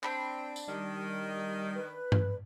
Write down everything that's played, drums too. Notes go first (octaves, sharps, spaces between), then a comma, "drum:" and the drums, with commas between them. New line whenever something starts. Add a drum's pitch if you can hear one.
C4 D4 B5, drum: clap
drum: tambourine
D#3 G3
B4
drum: tom G2